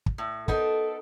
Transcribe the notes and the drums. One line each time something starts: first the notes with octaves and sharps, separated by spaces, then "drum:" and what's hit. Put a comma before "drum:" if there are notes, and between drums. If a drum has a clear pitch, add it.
drum: kick
A2
B3 D#4 A4 A#4, drum: kick